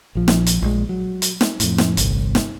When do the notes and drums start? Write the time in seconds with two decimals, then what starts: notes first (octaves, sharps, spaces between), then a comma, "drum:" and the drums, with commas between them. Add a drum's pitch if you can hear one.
0.15 A#1 F3
0.28 drum: snare
0.46 drum: hi-hat
0.62 A#1 G#3
0.89 F#3
1.22 drum: hi-hat
1.41 drum: snare
1.60 F2 A2, drum: hi-hat
1.78 drum: snare
1.97 G1 C2, drum: hi-hat
2.35 drum: snare